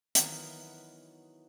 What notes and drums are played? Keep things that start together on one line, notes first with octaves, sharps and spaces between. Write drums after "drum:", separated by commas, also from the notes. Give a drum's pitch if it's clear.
D#3 E3 F#3 B3, drum: hi-hat